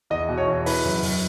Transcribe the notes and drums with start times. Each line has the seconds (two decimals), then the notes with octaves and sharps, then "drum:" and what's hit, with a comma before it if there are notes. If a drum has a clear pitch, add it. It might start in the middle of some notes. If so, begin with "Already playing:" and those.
0.10 E2 D#5
0.29 B2
0.38 C#5
0.48 E2
0.66 E3 B4, drum: open hi-hat
0.85 F#2
1.03 F#2, drum: open hi-hat